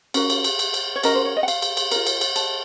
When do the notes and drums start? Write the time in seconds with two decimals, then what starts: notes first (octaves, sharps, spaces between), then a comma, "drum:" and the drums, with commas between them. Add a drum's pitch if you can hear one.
0.14 C#4 F#4 A#4 F5, drum: cymbal
0.30 drum: cymbal
0.44 drum: cymbal
0.59 drum: cymbal
0.74 drum: cymbal
0.96 C#5
1.04 C#4 F#4 A#4 D#5, drum: cymbal
1.15 C5
1.25 C#5
1.37 D#5
1.43 F#5
1.48 F5, drum: cymbal
1.62 drum: cymbal
1.77 drum: cymbal
1.92 F4 A#4, drum: cymbal
2.07 drum: cymbal
2.21 drum: cymbal
2.36 A5, drum: cymbal